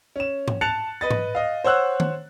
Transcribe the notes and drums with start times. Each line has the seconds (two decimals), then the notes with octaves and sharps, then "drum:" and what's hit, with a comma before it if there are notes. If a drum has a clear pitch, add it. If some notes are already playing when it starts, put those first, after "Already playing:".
0.16 C#4 E7
0.48 drum: tom G#2
0.61 A5 F#6 A6 C#7 F7
1.01 B4 D#5 A6
1.11 drum: tom G#2
1.35 D#5 F5
1.64 C5 C#5 F#5 E6 F#6
2.00 drum: tom D#3